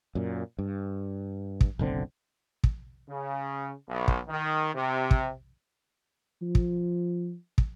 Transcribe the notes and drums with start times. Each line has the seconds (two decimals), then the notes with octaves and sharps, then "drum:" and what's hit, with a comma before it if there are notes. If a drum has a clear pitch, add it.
0.15 F#2 A#2
0.59 G2
1.61 drum: kick
1.79 F#1 B1 D3 C4
2.64 drum: kick
3.08 C#3
3.88 B1
4.08 drum: kick
4.28 D#3
4.75 C3
5.11 drum: kick
6.42 F3
6.55 drum: kick
7.58 drum: kick